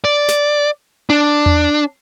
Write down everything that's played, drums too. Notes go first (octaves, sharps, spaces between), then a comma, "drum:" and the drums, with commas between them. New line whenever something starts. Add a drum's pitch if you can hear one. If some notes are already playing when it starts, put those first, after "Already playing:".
D5
drum: snare
D4, drum: tom D4
drum: tom E2